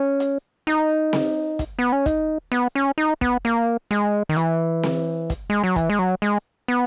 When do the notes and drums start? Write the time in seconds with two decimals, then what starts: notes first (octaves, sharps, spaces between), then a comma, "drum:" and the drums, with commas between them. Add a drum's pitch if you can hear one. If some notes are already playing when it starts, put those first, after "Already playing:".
Already playing: C#4
0.20 drum: hi-hat
0.67 D#4, drum: hi-hat
1.13 drum: snare C4
1.59 drum: kick, hi-hat
1.79 B3
1.92 C#4
2.06 D#4, drum: kick, hi-hat
2.52 B3, drum: hi-hat
2.75 C#4
2.98 D#4
3.21 B3, drum: kick
3.45 A#3, drum: hi-hat
3.91 G#3, drum: hi-hat
4.29 D#3
4.36 E3, drum: hi-hat
4.83 drum: snare C4
5.30 drum: kick, hi-hat
5.50 G#3
5.63 F#3
5.76 E3, drum: kick, hi-hat
5.90 G#3
5.99 F#3
6.22 G#3, drum: hi-hat
6.68 B3